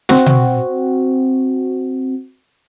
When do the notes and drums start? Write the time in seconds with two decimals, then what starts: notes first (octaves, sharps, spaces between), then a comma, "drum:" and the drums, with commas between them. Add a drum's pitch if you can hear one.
0.09 C4 F#4, drum: snare
0.26 drum: tom B2